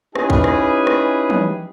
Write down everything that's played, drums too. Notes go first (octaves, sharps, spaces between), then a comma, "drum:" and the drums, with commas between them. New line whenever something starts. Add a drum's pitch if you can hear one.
C#4 D#4 E4 G4 G#4 B4, drum: rim click
drum: kick
drum: rim click
drum: rim click
drum: tom